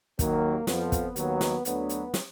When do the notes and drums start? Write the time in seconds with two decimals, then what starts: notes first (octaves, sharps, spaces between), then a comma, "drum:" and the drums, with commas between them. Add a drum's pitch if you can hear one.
0.19 D#2 D#3 F#3 A#3, drum: kick, hi-hat
0.67 F2 F3 B3, drum: snare
0.92 drum: kick, hi-hat
1.16 D#2 D#3 F#3 B3, drum: hi-hat
1.41 drum: snare
1.65 D2 D3 F#3 B3, drum: hi-hat
1.89 drum: hi-hat
2.14 drum: snare